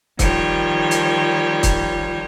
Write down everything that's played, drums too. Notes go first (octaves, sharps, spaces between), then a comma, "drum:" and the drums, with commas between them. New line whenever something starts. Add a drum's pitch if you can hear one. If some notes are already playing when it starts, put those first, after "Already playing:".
D#3 F3 G3 C#5, drum: kick, hi-hat
drum: hi-hat
drum: kick, hi-hat